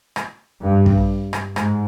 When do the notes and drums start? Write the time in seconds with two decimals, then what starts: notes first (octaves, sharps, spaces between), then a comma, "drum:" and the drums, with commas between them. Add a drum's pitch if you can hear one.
0.16 drum: rim click
0.63 G2
0.86 drum: kick
1.33 drum: rim click
1.56 G#2, drum: rim click